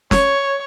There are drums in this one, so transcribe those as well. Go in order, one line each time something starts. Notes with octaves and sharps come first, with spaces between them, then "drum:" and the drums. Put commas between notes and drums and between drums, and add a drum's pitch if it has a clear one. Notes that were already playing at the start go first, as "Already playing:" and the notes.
C#5, drum: snare